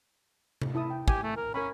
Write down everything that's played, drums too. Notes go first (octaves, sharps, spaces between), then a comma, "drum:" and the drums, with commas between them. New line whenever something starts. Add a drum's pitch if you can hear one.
drum: tom C3
E4 A5 D#6
G5
G4 G#5, drum: kick
A3
A#4
C#4 A#4 G#5 B5